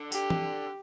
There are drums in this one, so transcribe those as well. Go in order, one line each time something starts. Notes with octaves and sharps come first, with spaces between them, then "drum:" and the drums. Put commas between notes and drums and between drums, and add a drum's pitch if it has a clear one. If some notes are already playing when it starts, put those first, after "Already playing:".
Already playing: D3
G4, drum: tambourine
drum: tom